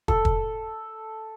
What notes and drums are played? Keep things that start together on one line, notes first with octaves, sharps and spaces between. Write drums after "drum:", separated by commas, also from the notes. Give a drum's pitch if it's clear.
A4, drum: kick
drum: kick